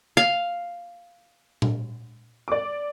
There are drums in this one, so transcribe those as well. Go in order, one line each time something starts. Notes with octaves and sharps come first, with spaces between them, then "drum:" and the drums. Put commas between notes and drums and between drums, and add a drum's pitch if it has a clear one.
F5
drum: tom A#2
D5 D6